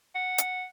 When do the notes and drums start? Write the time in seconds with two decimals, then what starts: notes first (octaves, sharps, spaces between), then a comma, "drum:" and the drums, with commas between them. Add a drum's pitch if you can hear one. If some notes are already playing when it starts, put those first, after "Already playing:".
0.15 F#5
0.38 drum: hi-hat